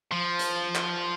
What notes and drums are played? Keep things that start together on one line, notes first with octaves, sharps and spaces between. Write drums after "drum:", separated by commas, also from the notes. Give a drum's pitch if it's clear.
F3
drum: hi-hat
drum: clap